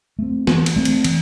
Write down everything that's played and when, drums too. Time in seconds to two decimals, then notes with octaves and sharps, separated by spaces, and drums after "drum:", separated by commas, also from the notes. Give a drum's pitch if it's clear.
0.19 A3 C4
0.47 E3, drum: snare A#3
0.66 drum: cymbal
0.76 A3 C4
0.85 drum: cymbal
1.04 E3, drum: cymbal